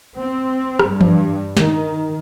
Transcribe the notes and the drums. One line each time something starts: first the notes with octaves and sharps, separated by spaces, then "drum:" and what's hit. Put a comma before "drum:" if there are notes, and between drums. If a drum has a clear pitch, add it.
C4
drum: rim click
G2
drum: tom E3
D#3, drum: snare